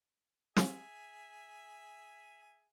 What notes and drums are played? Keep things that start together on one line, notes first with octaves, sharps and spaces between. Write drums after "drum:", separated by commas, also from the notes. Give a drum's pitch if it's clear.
G#4 E5 G#5, drum: snare